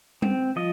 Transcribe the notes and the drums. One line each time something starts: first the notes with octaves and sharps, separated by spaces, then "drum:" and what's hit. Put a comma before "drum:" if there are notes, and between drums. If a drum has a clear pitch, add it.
C4, drum: tom G3
F3 D#5